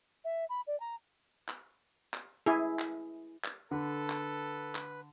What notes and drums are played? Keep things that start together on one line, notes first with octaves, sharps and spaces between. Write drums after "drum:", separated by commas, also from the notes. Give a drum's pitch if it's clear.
E5
B5
D5
A#5
drum: clap
drum: clap
E4 G#4
drum: clap
drum: clap
D3 A4 B4
drum: clap
drum: clap